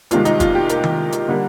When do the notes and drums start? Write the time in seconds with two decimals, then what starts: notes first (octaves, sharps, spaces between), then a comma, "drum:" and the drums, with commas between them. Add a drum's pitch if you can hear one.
0.11 C2 C3 D#3 G#3 F4, drum: hi-hat
0.25 D#4, drum: hi-hat
0.40 F4, drum: kick, hi-hat
0.55 G4
0.69 A#4, drum: hi-hat
0.84 drum: tom D#3
1.12 drum: hi-hat
1.28 D3 G3 A#3